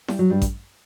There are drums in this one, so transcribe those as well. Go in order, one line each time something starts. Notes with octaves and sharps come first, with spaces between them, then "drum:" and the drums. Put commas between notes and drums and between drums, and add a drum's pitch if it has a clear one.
G3, drum: snare E4
F#3
G2 G3
drum: kick A1, hi-hat